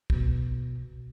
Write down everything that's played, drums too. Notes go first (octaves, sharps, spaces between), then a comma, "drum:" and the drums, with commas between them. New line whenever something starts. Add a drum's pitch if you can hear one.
B2, drum: kick